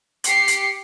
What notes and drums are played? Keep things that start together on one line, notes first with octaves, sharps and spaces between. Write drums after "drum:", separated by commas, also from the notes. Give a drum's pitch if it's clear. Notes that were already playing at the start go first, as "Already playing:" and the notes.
G4 C7 C#7, drum: hi-hat
drum: hi-hat